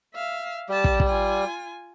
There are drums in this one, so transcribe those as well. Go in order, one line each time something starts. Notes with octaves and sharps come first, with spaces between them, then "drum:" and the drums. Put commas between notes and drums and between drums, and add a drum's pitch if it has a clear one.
E5 F5
G3 G4 A5
drum: kick
drum: kick
F4 G#5